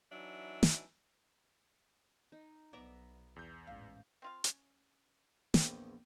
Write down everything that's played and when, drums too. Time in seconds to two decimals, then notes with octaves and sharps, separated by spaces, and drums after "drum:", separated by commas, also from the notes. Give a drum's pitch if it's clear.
0.11 E3 F#3 D4 D#4 E5
0.63 drum: snare
2.32 D#4
2.73 B1 B3 D5 E5 A#5
3.36 E2 G6
3.67 A1 G#2 F5
4.22 C4 F4 F5
4.44 C#4, drum: hi-hat
5.54 A#1 E2 D5 G5, drum: snare